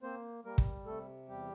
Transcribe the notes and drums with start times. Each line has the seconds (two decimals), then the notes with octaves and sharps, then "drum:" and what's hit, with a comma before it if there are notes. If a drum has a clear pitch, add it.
0.03 A#3 C4 C5
0.45 G3 A#3 A#4
0.58 drum: kick
0.86 C3 A3 A4
1.28 E2 G3 G4